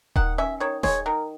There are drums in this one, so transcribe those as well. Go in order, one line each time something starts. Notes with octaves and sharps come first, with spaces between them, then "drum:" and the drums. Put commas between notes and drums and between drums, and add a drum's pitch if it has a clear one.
D#3 F#5, drum: kick D#1
C#4 E5
D#3 C#5
G#3 C#5, drum: snare D#1
D#3 A#4